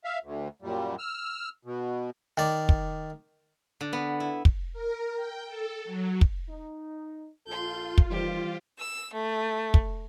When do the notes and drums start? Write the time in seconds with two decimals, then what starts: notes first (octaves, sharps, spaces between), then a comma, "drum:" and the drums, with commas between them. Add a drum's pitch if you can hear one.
0.04 E5 F5
0.23 D2
0.62 F#2 A#2 G3
0.99 E6 F6
1.65 B2
2.37 D#3 D5
2.69 drum: kick
3.81 D3
3.93 B3
4.20 E4
4.45 drum: kick
4.73 A#4
5.16 G5
5.47 A4
5.85 F#3
6.21 drum: kick
6.49 D#4
7.47 A#1 F4 A4 C6 G6
7.98 drum: kick
8.10 F2 A2 D#3 E3 G3 G4 C5
8.78 E6
9.13 A3
9.74 drum: kick